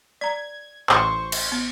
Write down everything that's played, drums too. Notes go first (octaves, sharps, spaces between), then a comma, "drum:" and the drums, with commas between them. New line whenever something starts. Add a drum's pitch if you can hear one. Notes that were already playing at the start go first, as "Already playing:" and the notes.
D5 A#5 G#6
A1 C5 C#6, drum: clap
drum: cymbal
B3